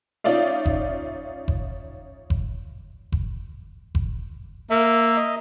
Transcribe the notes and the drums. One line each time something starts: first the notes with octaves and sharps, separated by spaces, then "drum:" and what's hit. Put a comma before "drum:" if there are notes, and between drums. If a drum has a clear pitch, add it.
C#4 D#4 F4 D5 E5 F5
drum: kick F#1
drum: kick F#1
drum: kick F#1
drum: kick F#1
drum: kick F#1
A#3 E5
D#5